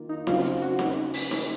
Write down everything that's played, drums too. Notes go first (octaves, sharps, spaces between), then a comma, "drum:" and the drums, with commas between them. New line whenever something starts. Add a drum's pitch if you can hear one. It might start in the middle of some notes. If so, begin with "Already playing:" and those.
Already playing: D#3 A#3 F4
D#4
C#3 F#3 C4 D#4 F4, drum: snare D#4
drum: hi-hat
F#4
drum: snare D#4
drum: open hi-hat
drum: snare D#4